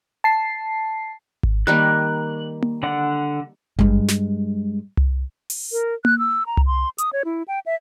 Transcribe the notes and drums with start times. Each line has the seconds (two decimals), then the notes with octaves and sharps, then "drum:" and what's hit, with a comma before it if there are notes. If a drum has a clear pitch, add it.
0.24 A5 C7
1.43 drum: kick G#1
1.67 D#3 G3 A#3 F#6
2.62 drum: tom A#3
2.83 D3 D5 F#5
3.79 G2 G#3, drum: kick G#1
4.08 drum: snare
4.97 drum: tom C2
5.50 drum: open hi-hat
5.72 A#4
6.05 F#6, drum: tom A#3
6.19 E6
6.46 A#5
6.57 drum: tom C2
6.66 C6
6.98 D#6, drum: hi-hat
7.13 C#5
7.25 E4
7.48 G5
7.66 E5